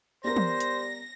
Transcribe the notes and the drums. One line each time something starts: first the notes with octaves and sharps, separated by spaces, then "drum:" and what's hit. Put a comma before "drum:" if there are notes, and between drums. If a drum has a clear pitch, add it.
G3 B3 A#4 C5 A#6
drum: tom E3
drum: hi-hat